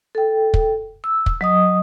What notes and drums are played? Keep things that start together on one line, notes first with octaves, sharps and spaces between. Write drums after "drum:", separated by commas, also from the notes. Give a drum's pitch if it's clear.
A4 G5
drum: kick
E6
drum: kick
F#3 D#5 D#6